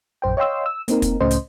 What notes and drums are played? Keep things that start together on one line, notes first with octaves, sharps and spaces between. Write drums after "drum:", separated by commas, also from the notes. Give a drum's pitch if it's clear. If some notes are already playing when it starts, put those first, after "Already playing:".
A#1 F#2 C5 G5
C#5 D#5 F5 G5 C6 E6
E6
A#3 C4 D#4 A#4, drum: hi-hat
drum: kick, hi-hat
C#2 A2 A3 C#4 C5 D#5
drum: hi-hat